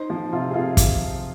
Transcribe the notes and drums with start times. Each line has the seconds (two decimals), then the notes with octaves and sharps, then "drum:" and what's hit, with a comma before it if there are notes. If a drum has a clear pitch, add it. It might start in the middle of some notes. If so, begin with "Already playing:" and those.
Already playing: D#4 C5
0.10 F3
0.33 C3 F4
0.50 G#4
0.54 C3 F4
0.77 drum: kick, hi-hat